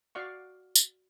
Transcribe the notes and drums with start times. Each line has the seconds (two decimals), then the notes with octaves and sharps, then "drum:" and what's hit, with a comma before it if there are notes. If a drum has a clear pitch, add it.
0.15 F#4 D5 F5 C#6
0.75 drum: tambourine